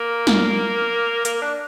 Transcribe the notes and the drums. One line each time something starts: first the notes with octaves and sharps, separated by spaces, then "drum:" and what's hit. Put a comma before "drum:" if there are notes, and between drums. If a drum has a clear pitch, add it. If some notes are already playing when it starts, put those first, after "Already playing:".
Already playing: A#3
drum: snare
A#3, drum: hi-hat
D4